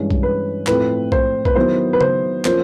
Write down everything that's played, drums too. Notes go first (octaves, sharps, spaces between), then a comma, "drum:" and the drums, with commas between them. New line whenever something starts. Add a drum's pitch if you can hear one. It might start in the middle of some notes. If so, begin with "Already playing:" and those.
Already playing: G2 E3 G#3 C#4
drum: kick B1
B4
A2 F3 A3 C4 B4, drum: clap
C5, drum: kick B1
B4, drum: kick B1
D#3 F#3 B3 E4 C5
B4
C5, drum: tom C#3
F3 A#3 C#4 F4 C5, drum: clap